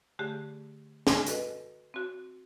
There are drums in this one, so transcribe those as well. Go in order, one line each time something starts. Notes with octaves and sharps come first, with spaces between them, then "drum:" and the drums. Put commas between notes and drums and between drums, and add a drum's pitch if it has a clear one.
D3 A3 G4 G#4
drum: snare
F#4 A4 B4 D#5, drum: hi-hat
C4 F#4